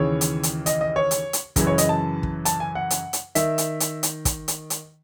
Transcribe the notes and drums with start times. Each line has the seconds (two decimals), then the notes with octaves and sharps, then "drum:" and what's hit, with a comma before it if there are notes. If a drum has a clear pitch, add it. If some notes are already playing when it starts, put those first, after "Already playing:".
Already playing: D#2 C#3 E3 C#5
0.21 drum: hi-hat
0.43 drum: hi-hat
0.66 D#5, drum: hi-hat
0.81 D#5
0.96 C#5
1.11 drum: hi-hat
1.33 drum: hi-hat
1.56 F#2 C#3 E3, drum: kick, hi-hat
1.67 C#5
1.78 D#5, drum: hi-hat
1.89 A5
2.23 drum: kick
2.45 A5, drum: hi-hat
2.60 G#5
2.75 F#5
2.90 drum: hi-hat
3.13 drum: hi-hat
3.35 D#3 E5, drum: hi-hat
3.58 drum: hi-hat
3.80 drum: hi-hat
4.03 drum: hi-hat
4.25 drum: kick, hi-hat
4.48 drum: hi-hat
4.70 drum: hi-hat